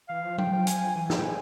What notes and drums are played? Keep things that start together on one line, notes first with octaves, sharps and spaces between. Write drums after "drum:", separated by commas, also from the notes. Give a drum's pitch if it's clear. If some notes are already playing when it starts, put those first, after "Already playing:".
E3 F5
F3
G5, drum: tom F#3
G5
G#5, drum: hi-hat
E3 G#5
F3, drum: snare
G5
G#5